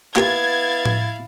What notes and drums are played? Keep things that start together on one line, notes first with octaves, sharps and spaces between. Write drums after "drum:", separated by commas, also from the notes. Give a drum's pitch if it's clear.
A#3 B3 E4 F4 G4 F5 G#6 A6, drum: clap
drum: tom A2